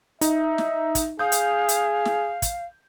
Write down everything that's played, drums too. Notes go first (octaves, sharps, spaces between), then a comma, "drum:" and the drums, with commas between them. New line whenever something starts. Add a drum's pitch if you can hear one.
D#4 E5, drum: hi-hat
drum: snare
drum: kick, hi-hat
G#4 F5 D#6 G6
drum: hi-hat
drum: hi-hat
drum: snare
drum: kick, hi-hat